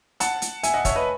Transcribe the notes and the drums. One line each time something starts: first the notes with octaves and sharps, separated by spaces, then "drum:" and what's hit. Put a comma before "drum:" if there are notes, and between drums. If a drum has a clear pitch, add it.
F#5 A5, drum: hi-hat
drum: hi-hat
E5 G#5, drum: hi-hat
D#5 F#5
C#5 E5, drum: kick, hi-hat
B4 D#5